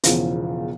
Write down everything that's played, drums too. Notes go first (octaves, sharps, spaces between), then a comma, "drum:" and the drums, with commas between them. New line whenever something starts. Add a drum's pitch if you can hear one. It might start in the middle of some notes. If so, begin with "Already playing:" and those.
E1 E2 C#3 F3, drum: hi-hat